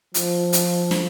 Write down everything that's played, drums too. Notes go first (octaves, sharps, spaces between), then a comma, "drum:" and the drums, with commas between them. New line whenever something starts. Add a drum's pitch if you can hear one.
F3, drum: hi-hat
drum: hi-hat
drum: snare